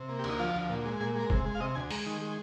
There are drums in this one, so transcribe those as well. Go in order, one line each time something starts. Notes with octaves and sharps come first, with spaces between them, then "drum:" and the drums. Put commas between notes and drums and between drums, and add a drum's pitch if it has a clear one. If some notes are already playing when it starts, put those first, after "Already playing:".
Already playing: C3
A#3
G4
D2 D#4, drum: cymbal
F3 F4
D2
A#2
G#3
A#2 G#4
G#3 A#4
C3, drum: kick F#1
G#3
F5
C3 D#5
D2 G#5
G#3 A#5, drum: open hi-hat
D#3
G#3